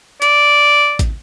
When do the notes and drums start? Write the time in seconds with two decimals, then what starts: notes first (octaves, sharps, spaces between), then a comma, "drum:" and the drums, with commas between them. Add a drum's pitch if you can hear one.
0.22 D5, drum: hi-hat
0.99 drum: kick A1, hi-hat